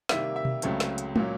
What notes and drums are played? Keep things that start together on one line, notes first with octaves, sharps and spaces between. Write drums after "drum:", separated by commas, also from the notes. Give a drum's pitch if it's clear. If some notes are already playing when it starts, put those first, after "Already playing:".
C3 D#3 G3 A#3 E5, drum: snare
E5
drum: tom B2
C#2 C#3 F#3 A3 C4, drum: hi-hat
drum: snare
drum: hi-hat
A#2 F#3 A#3 C#4, drum: tom